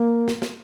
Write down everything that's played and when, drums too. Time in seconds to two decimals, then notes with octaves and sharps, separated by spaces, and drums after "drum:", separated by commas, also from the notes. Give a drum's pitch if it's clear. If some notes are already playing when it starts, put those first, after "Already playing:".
Already playing: A#3
0.28 drum: snare
0.42 drum: snare